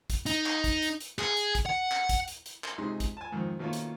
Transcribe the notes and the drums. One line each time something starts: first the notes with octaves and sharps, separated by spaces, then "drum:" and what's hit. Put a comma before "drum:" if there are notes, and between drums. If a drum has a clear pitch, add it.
drum: kick, hi-hat
D#4, drum: hi-hat
drum: clap
drum: kick, hi-hat
drum: hi-hat
drum: hi-hat
G#4, drum: clap
drum: hi-hat
drum: kick, hi-hat
F#5
drum: clap
drum: kick, hi-hat
drum: hi-hat
drum: hi-hat
drum: clap
C#2 C3 D#4 G#4 C6
drum: kick, hi-hat
G#5 A5
F2 G#2 D#3
B2 D#3 A3 A#3 C#4 F4
drum: hi-hat